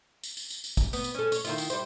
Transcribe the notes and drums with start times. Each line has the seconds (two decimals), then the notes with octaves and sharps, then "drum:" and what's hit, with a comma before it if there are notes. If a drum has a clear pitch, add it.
0.23 drum: tambourine
0.37 drum: tambourine
0.50 drum: tambourine
0.64 drum: tambourine
0.77 drum: kick, tambourine
0.93 B3, drum: tambourine
1.04 drum: tambourine
1.15 C#4 A4
1.32 C#5, drum: tambourine
1.45 D#3 E4 F4, drum: tambourine
1.58 drum: tambourine
1.70 G3 C5, drum: tambourine